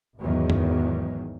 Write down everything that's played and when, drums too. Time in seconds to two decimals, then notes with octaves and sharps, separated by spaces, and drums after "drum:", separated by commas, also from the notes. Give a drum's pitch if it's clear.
0.17 G#1 E2 G#2 D#3 F#3
0.50 drum: tom F#2